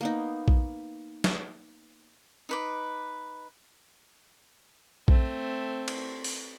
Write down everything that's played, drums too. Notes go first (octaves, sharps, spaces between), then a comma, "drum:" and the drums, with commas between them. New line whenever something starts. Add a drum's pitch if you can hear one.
A#3 B3 D#4
drum: kick A#1
drum: snare
D#4 B4 D6
A3 C4, drum: kick A#1
drum: cymbal
drum: open hi-hat